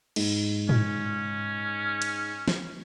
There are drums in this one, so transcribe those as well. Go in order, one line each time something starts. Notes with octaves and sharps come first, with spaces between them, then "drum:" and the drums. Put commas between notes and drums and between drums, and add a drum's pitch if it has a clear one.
G#2, drum: cymbal
C#4, drum: tom
drum: cymbal
drum: snare